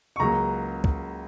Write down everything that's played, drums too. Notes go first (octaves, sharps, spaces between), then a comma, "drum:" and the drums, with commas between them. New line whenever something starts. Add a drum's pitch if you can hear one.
C#6
C#2 C#3 F#3 A#3 A#5
drum: kick